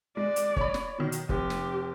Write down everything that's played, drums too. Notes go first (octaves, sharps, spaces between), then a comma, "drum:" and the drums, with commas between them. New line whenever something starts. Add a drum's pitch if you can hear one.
G#3 D5
drum: hi-hat
C#5 B5, drum: kick
drum: snare
B2 D#3 F#3
drum: hi-hat
F1 G4, drum: kick
drum: snare